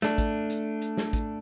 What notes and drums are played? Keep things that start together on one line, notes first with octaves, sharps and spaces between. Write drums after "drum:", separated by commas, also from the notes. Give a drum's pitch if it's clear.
A3 D4, drum: snare
drum: kick, hi-hat
drum: hi-hat
drum: hi-hat
drum: snare
drum: kick, hi-hat